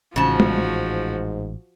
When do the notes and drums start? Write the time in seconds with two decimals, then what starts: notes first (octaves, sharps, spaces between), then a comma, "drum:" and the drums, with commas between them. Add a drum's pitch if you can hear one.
0.16 A1 G#2 C#3 F3 F#4 A5
0.40 drum: tom